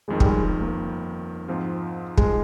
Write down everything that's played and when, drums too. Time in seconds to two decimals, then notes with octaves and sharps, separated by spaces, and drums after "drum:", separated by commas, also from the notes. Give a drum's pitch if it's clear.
0.08 G1 F2 D#3 G#3
0.20 G3, drum: kick
0.25 G#3
0.61 A#3
1.48 G#2 F3 C4 F4
2.18 G#3, drum: kick